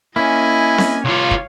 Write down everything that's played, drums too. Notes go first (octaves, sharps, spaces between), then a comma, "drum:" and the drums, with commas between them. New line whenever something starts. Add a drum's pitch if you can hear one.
A#3 C#4 E4 D#5 G#5
drum: snare C4
C2 F4 C#5 F5
drum: kick